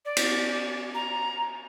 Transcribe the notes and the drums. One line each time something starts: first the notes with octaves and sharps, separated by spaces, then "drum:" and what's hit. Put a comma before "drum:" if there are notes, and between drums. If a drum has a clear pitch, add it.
D5
drum: cymbal
A#5